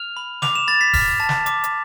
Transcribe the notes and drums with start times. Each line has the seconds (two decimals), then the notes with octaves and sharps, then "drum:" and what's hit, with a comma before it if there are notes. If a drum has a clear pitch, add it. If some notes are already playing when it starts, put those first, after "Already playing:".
Already playing: F6 F7
0.17 B5
0.42 D6 F7, drum: snare
0.56 E7
0.68 B5 A6
0.81 B6
0.94 F6 B6, drum: kick E1, open hi-hat
1.20 A5
1.29 drum: snare
1.46 D6, drum: hi-hat
1.64 drum: hi-hat